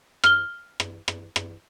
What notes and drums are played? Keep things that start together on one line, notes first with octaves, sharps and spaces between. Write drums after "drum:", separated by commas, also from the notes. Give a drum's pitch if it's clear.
F6 G7, drum: rim click
drum: rim click
drum: rim click
drum: rim click